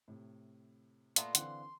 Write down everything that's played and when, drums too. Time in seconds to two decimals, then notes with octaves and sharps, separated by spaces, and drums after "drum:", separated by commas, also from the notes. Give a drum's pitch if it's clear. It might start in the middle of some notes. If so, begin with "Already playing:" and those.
0.08 A2 C3
1.16 A#2 A3 B3 D5 F5 A#5 C6, drum: hi-hat
1.35 D3 E3 C4 F#5, drum: hi-hat